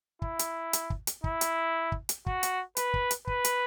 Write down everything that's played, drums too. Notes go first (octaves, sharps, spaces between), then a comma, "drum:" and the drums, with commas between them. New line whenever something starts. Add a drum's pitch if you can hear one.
E4, drum: kick
drum: hi-hat
drum: hi-hat
drum: kick
drum: hi-hat
E4, drum: kick
drum: hi-hat
drum: kick
drum: hi-hat
F#4, drum: kick
drum: hi-hat
B4, drum: hi-hat
drum: kick
drum: hi-hat
B4, drum: kick
drum: hi-hat